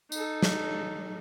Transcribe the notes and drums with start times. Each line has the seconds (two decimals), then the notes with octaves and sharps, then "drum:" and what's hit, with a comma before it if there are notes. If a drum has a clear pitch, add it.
0.12 D#4 A4, drum: tambourine
0.42 drum: snare